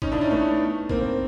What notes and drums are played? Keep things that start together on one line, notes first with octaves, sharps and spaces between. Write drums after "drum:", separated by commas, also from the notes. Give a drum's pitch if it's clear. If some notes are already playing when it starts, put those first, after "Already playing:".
C#4 D#4, drum: kick
D4 E4
C#4 D#4, drum: tom A#2
A3 B3
A#3 C4, drum: kick